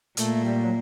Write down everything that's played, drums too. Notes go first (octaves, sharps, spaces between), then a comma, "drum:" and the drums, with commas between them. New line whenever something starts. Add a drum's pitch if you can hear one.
A#2 A3, drum: hi-hat
G3
F#3